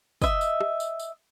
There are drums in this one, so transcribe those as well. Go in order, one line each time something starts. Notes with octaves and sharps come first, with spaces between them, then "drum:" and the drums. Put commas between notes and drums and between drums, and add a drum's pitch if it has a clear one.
D#5 E5, drum: kick, tambourine
drum: tambourine
drum: rim click
drum: tambourine
drum: tambourine